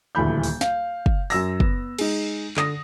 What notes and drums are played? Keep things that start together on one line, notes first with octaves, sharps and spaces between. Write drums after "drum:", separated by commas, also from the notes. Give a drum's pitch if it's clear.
D#1 D2 E3 B5 G6
drum: open hi-hat
F5, drum: snare
drum: kick
F#2 E6 A#6, drum: open hi-hat
B3, drum: kick
G#3 D#4, drum: cymbal
D3 D#6 A#6, drum: clap